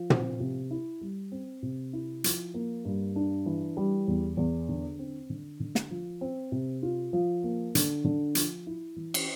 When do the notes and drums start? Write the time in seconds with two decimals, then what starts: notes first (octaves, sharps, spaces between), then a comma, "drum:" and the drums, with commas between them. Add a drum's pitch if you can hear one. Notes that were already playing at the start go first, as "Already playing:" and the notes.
Already playing: F3
0.10 C4, drum: tom
0.40 C3
0.71 E4
1.01 G3
1.32 C4
1.63 C3
1.93 E4
2.24 F3, drum: hi-hat
2.54 A#3
2.85 G2
3.16 D4
3.46 E3
3.77 G3
4.08 E2
4.37 E2
4.69 D3
4.99 C4
5.30 D3
5.60 D3
5.75 drum: snare
5.91 F3
6.21 C4
6.52 C3
6.83 F4
7.13 F3
7.44 A#3
7.75 D3, drum: hi-hat
8.05 D3
8.35 F3, drum: hi-hat
8.67 E4
8.96 E3
9.14 drum: cymbal